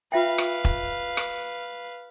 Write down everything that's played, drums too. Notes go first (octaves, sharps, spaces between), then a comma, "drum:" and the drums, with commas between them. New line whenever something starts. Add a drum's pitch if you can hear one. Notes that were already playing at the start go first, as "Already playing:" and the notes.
F4 B4 E5 F5 G5
drum: rim click
drum: kick E1
drum: rim click